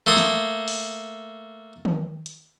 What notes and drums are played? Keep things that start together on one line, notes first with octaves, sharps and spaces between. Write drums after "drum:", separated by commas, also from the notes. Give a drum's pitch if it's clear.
A3 A#3 C6 D#6
drum: snare
drum: open hi-hat
drum: tom D#3
drum: hi-hat